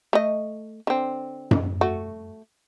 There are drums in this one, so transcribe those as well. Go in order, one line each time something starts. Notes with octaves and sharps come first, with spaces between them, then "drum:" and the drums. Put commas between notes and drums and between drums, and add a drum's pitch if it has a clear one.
A3 D#5
D3 C4
drum: tom F#2
A3 F#4